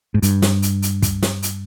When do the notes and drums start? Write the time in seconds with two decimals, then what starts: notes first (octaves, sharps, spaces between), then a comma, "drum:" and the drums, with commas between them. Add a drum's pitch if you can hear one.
0.14 G#2
0.23 G2, drum: hi-hat
0.42 drum: snare
0.62 drum: hi-hat
0.82 drum: hi-hat
1.02 drum: kick, hi-hat
1.22 drum: snare
1.43 drum: hi-hat